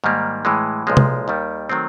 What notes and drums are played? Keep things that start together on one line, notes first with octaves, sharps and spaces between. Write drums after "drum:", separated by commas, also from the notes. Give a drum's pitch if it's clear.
G#2 D#3 G3 A#3
A2 E3 G#3
B1 A#2 F3 G#3
drum: tom C3
D#2 D#3 G3
D#3 F#3 A3 C4